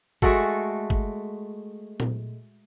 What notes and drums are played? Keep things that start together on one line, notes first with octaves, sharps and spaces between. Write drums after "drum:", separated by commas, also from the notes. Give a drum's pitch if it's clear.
G#3 A3 F#4 A4, drum: kick
drum: kick
drum: tom A#2